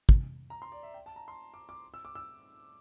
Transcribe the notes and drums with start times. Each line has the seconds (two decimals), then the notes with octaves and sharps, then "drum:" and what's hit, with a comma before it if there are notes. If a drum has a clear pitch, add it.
0.09 drum: kick
0.50 A#5
0.62 C6
0.72 D5
0.83 E5
0.94 G5
1.06 A5
1.16 A#5
1.28 C6
1.54 D6
1.69 D6
1.94 E6
2.05 D6
2.15 E6